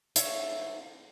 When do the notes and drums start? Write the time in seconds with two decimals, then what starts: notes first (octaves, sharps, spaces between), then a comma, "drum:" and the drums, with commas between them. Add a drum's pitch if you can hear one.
0.16 C#5 E5, drum: hi-hat